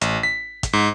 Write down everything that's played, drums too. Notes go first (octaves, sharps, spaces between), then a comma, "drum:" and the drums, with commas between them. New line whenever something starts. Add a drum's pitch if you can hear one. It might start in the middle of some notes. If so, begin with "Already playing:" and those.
A1, drum: hi-hat
B6
drum: kick, hi-hat
G#2